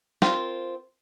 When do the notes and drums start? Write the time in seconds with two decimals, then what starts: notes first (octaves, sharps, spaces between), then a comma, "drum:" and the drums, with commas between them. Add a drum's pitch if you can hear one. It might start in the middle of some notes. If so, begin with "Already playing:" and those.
0.22 C4 F4 A#4, drum: snare